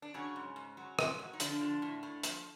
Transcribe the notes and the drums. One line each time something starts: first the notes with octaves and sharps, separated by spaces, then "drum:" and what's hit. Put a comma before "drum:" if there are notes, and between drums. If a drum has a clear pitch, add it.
D4
C#3 F#3 C#4
G#2
G#2
F#3
G#2, drum: rim click
F#3
D#4
D3 F3 D4, drum: hi-hat
F3
A2
A2
F3, drum: hi-hat